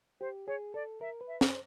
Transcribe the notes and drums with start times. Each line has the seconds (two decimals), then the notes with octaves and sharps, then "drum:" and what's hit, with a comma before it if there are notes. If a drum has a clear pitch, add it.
0.21 G4 C5
0.47 G#4 C#5
0.74 A4 D5
1.01 A#4 E5
1.21 B4
1.28 E5
1.41 C5, drum: snare